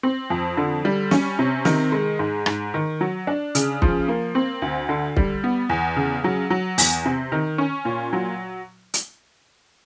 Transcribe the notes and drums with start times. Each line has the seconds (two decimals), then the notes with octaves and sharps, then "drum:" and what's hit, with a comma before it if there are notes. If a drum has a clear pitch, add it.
0.03 C4
0.30 F2
0.57 D3
0.85 G3
1.11 C#4, drum: snare
1.39 C3
1.65 D#3, drum: snare
1.92 G#3
2.19 G#2
2.46 G#2, drum: rim click
2.74 D#3
3.01 F#3
3.27 D4
3.55 C#3, drum: hi-hat
3.82 F3, drum: kick
4.08 A#3
4.35 C4
4.62 D2
4.89 D3
5.17 G3, drum: kick
5.44 B3
5.69 E2
5.96 C#3
6.24 F#3
6.50 F#3
6.78 E2, drum: open hi-hat
7.05 C3
7.32 D#3
7.58 C#4
7.85 A#2
8.13 F#3
8.94 drum: hi-hat